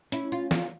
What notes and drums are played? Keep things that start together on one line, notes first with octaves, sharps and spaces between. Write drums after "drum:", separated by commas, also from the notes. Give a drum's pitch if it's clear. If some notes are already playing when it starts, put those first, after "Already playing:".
C#4 E4, drum: hi-hat
F4
F4, drum: snare